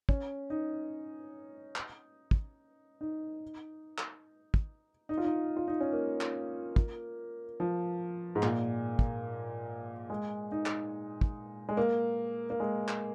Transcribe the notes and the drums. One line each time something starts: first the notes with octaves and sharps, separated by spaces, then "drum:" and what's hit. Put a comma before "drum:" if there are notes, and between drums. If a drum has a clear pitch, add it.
C#4, drum: kick
D#4
drum: clap
drum: kick
D#4
drum: clap
drum: kick
D#4
F4
D#4
F4
D#4
C#4
A#3
drum: clap
drum: kick
F3
G#2
A#2, drum: clap
drum: kick
G#3
D#4
drum: clap
drum: kick
G#3
A#3
A#3
G#3
drum: clap